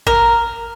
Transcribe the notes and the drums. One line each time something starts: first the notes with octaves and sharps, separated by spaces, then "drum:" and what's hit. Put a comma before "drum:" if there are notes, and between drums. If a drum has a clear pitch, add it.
A#4, drum: kick A1